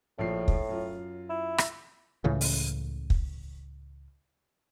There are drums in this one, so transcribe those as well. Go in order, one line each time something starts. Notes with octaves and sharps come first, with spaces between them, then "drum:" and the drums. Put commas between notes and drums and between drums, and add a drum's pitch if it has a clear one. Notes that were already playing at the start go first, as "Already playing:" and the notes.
A#1 A2 F3 C7
drum: kick
F#2 F4
E4
drum: rim click
C#2 A2 C#3 E3
drum: open hi-hat
drum: kick